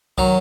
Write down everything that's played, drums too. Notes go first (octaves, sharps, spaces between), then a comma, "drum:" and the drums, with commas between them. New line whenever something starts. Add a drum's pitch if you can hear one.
D#3 F#3, drum: kick